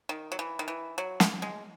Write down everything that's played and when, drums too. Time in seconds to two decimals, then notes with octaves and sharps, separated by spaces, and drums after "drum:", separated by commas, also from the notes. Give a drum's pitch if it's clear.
0.09 D#3
0.32 F#3
0.39 E3
0.59 D#3
0.68 E3
0.98 F#3
1.20 drum: snare
1.42 G#3